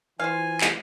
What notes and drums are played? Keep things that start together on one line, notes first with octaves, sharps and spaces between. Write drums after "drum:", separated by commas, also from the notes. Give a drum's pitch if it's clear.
E3 F4 C5 F5 G#5
drum: clap